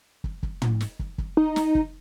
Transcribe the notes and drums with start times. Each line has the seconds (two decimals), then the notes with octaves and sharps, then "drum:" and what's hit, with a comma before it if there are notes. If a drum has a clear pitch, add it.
0.24 drum: kick
0.43 drum: kick
0.62 drum: tom
0.81 drum: snare
0.99 drum: kick
1.18 drum: kick
1.37 D#4
1.56 drum: snare
1.75 drum: kick